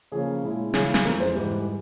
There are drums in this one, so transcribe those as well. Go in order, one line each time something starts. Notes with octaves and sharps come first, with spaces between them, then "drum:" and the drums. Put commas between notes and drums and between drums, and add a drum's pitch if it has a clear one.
C#3 F3 A#3 C#4 G#4
A#2 G#3 C#4 E4
C#3 E3 G#3 C#4 E4 G#4, drum: snare
drum: snare
F2 E3 G#3 A#4
C5
G#2 E3 G3